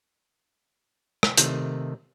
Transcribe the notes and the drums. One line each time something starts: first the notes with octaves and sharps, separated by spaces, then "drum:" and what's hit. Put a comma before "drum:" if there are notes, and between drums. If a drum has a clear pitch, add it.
drum: rim click
C3 D#3 A3, drum: hi-hat